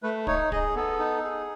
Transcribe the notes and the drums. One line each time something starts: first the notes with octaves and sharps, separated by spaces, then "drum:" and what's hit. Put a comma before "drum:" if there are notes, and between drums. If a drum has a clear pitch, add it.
A3 B4
D#4 C#5, drum: kick
G#4 D#5, drum: kick
B3 A4
D#4
G#4